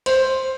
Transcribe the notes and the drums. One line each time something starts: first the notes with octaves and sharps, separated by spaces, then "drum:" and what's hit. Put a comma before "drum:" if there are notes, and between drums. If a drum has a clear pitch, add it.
C5, drum: cymbal